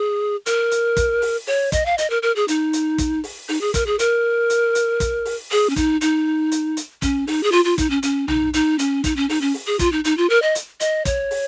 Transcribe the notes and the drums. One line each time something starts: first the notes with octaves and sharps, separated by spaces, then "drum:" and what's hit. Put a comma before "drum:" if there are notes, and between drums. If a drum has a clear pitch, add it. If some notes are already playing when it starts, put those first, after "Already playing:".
Already playing: G#4
A#4, drum: hi-hat
drum: hi-hat
drum: kick, hi-hat
drum: open hi-hat
C#5, drum: open hi-hat
D#5, drum: kick, hi-hat
F5
D#5, drum: hi-hat
A#4
A#4
G#4
D#4, drum: hi-hat
drum: hi-hat
drum: kick, hi-hat
drum: open hi-hat
D#4, drum: open hi-hat
G#4
A#4, drum: kick, hi-hat
G#4
A#4, drum: hi-hat
drum: hi-hat
drum: hi-hat
drum: kick, hi-hat
drum: open hi-hat
G#4, drum: open hi-hat
C#4
D#4, drum: kick, hi-hat
D#4, drum: hi-hat
drum: hi-hat
drum: hi-hat
C#4, drum: kick, hi-hat
D#4, drum: open hi-hat
G#4
F4, drum: open hi-hat
F4
D#4, drum: kick, hi-hat
C#4
C#4, drum: hi-hat
D#4, drum: tom B1
D#4, drum: hi-hat
C#4, drum: hi-hat
D#4, drum: kick, hi-hat
C#4
D#4, drum: open hi-hat
C#4
drum: open hi-hat
G#4
F4, drum: kick, hi-hat
D#4
D#4, drum: hi-hat
F4
A#4
D#5
drum: hi-hat
D#5, drum: hi-hat
C#5, drum: kick, hi-hat
drum: open hi-hat